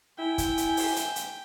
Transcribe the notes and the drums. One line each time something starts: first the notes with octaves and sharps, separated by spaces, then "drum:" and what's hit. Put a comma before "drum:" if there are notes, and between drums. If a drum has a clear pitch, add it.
E4 G5 G#5
drum: kick, hi-hat
drum: hi-hat
drum: open hi-hat
drum: hi-hat
drum: hi-hat